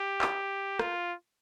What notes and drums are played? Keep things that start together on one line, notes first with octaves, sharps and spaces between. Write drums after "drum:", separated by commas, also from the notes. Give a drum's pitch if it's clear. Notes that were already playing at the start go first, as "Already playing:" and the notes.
Already playing: G4
drum: clap
F4, drum: rim click